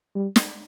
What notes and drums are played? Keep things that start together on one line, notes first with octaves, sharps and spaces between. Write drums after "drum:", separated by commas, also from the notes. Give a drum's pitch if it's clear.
G3
drum: snare